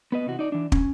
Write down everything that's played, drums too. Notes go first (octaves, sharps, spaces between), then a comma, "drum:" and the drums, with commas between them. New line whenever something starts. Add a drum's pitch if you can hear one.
B3 B4 D#5
C3 E3 F#4
D#4 D5
E3 D4
C#4, drum: kick